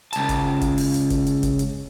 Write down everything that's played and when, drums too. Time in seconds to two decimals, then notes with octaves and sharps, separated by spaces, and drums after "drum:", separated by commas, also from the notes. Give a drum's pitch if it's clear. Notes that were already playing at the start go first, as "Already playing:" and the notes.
0.13 C#2 A5, drum: hi-hat
0.29 drum: kick F#1, hi-hat
0.61 drum: kick F#1, hi-hat
0.78 drum: open hi-hat
0.94 drum: hi-hat
1.10 drum: kick F#1, hi-hat
1.27 drum: hi-hat
1.43 drum: kick F#1, hi-hat
1.59 drum: hi-hat